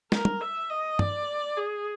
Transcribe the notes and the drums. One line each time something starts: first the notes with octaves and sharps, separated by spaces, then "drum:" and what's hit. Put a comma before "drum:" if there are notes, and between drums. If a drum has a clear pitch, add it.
A#4, drum: snare
drum: tom
E5
D#5
D5, drum: tom
G#4